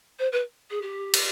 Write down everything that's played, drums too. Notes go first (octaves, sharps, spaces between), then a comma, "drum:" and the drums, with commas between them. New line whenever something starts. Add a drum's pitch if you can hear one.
C5
B4
G#4
G4
drum: cymbal